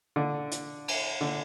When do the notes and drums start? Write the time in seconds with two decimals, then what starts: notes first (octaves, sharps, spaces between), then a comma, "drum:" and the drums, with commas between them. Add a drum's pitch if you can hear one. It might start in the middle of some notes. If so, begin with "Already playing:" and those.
0.16 D3
0.52 drum: hi-hat
0.88 drum: cymbal
1.21 D3